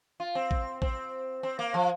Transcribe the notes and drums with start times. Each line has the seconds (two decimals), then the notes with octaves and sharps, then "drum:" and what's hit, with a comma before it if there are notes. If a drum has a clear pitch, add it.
0.20 F4
0.35 C4
0.51 drum: kick A1
0.82 C4, drum: kick A1
1.43 C4
1.59 A#3
1.74 F3